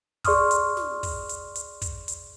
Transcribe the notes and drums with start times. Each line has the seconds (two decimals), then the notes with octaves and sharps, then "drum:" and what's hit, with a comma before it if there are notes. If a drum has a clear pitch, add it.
0.24 G#4 D5 C6 C#6 D#6 F6, drum: kick, open hi-hat
0.51 drum: hi-hat
0.77 drum: snare
1.03 drum: kick, open hi-hat
1.29 drum: hi-hat
1.55 drum: hi-hat
1.82 drum: kick, hi-hat
2.08 drum: hi-hat